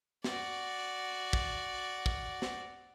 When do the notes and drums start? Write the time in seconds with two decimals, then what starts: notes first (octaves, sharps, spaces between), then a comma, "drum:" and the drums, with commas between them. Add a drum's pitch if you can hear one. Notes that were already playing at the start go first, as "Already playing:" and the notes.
0.24 F#4 D5, drum: snare
1.33 drum: kick
2.06 drum: kick
2.42 drum: snare